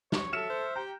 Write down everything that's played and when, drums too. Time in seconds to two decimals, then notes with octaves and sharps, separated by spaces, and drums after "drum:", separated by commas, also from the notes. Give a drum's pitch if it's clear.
0.12 C#5, drum: snare
0.33 F#3 A4 E5 F6 C#7 E7
0.49 C5
0.76 G4 G5 A#5